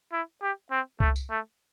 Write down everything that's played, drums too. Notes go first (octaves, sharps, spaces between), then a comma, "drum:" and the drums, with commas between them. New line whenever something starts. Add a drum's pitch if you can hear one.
E4
G4
C4
A3, drum: kick C2
drum: tambourine
A3